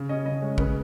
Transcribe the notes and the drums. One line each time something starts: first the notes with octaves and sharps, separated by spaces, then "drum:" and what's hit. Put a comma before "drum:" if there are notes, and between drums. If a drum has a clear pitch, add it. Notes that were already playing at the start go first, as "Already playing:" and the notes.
Already playing: C#3
C#4 D#5
C#3 D#5
G#3 C#5
C#3 B4, drum: kick